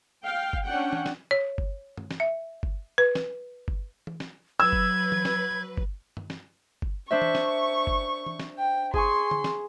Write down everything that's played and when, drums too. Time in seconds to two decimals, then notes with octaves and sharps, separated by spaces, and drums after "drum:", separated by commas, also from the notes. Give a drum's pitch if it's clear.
0.25 F5 G5
0.53 drum: kick G1
0.66 C#4 D4 F#5 G5
0.93 drum: tom
1.06 drum: snare
1.31 C#5
1.58 drum: kick G1
1.97 drum: tom G2
2.11 drum: snare
2.20 E5
2.63 drum: kick G1
2.98 B4
3.15 drum: snare
3.68 drum: kick G1
4.07 drum: tom
4.20 drum: snare
4.60 F#3 B4 E6 G#6
4.73 drum: kick G1
5.12 drum: tom
5.25 drum: snare
5.77 drum: kick G1
6.17 drum: tom G2
6.30 drum: snare
6.82 drum: kick G1
7.11 D4 C5 E5 C#6
7.22 drum: tom
7.35 drum: snare
7.87 drum: kick G1
8.26 drum: tom
8.40 drum: snare
8.58 G5
8.94 G#4 G#5 C6 C#6, drum: kick G1
9.31 drum: tom D3
9.44 drum: snare